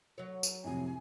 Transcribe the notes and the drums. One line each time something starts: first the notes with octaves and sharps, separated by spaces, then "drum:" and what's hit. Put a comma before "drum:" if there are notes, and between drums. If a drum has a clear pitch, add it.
F#3 C#5
drum: tambourine
F2 A2 C3 G#5